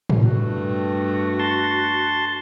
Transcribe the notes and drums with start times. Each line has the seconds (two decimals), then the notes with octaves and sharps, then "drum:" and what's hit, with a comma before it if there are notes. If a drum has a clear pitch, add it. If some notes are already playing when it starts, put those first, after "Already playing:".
0.10 drum: tom A2
0.23 G2 A3 F#4
1.39 A5 C6